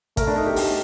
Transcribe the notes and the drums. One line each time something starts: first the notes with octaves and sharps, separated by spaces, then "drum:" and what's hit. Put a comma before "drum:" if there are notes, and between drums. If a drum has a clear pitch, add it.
A3 A#4, drum: kick, hi-hat
D4
D#4
G4
drum: open hi-hat